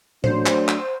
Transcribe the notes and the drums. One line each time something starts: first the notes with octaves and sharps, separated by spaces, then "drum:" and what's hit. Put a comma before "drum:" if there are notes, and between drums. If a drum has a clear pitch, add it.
F#3 A3 D4 C5, drum: tom A2
drum: clap
drum: clap